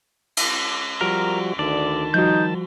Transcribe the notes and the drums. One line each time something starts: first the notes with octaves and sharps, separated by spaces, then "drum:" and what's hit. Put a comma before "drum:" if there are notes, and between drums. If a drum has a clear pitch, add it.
drum: cymbal
F3 G3 F#4 A#4 D7
D2 D#3 D5 A5
F3 G3 D#4 F#4 G6